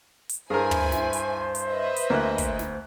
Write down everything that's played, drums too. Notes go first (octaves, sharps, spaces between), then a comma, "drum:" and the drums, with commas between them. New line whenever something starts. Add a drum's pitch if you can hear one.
drum: hi-hat
G2 E4 G#4 A#4 C5 G#5
drum: tom
drum: snare
drum: hi-hat
drum: hi-hat
B4 D#5 E5
drum: hi-hat
D2 A#3 F#6
drum: kick, hi-hat
drum: snare